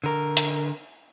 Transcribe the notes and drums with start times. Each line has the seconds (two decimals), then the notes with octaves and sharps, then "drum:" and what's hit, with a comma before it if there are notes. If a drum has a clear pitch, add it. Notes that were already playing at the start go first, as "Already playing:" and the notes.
0.04 D3 A#4
0.37 drum: hi-hat